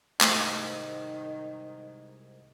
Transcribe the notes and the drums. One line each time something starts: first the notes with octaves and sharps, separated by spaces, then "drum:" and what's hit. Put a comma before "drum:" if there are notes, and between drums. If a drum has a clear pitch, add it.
C2 G#2 D#3 A3, drum: clap